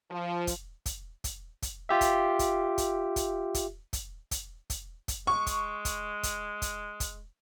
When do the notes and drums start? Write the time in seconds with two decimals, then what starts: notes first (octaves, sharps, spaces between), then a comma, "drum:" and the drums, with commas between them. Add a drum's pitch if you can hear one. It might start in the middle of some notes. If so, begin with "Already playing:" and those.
0.11 F3
0.47 drum: kick, hi-hat
0.86 drum: kick, hi-hat
1.24 drum: kick, hi-hat
1.62 drum: kick, hi-hat
1.89 F4 G4 E5
2.01 drum: kick, hi-hat
2.39 drum: kick, hi-hat
2.78 drum: kick, hi-hat
3.16 drum: kick, hi-hat
3.54 drum: kick, hi-hat
3.93 drum: kick, hi-hat
4.31 drum: kick, hi-hat
4.70 drum: kick, hi-hat
5.08 drum: kick, hi-hat
5.27 G#3 C#6
5.47 drum: kick, hi-hat
5.85 drum: kick, hi-hat
6.23 drum: kick, hi-hat
6.62 drum: kick, hi-hat
7.00 drum: kick, hi-hat